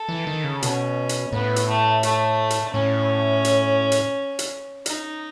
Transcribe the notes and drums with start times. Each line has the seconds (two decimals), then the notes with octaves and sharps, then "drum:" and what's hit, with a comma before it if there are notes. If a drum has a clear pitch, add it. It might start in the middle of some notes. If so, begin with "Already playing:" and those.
Already playing: A4
0.09 E3
0.27 D#3
0.44 C#3
0.62 B2 C#4, drum: hi-hat
1.09 drum: hi-hat
1.33 A2 B3
1.56 drum: hi-hat
1.68 A3
2.03 A3, drum: hi-hat
2.50 drum: hi-hat
2.74 A2 C#4
3.45 drum: hi-hat
3.92 drum: hi-hat
4.39 drum: hi-hat
4.86 D#4, drum: hi-hat